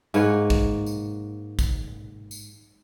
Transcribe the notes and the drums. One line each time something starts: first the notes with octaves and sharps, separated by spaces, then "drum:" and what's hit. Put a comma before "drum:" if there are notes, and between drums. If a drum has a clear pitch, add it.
G#2 A#3 B4 C#5, drum: tambourine
drum: kick
drum: tambourine
drum: kick, tambourine
drum: tambourine